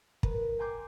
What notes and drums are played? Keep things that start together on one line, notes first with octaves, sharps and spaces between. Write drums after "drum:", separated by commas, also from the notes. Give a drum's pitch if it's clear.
A#4 B4 B5, drum: kick
G5 G#5 A#5 C6 D6 G6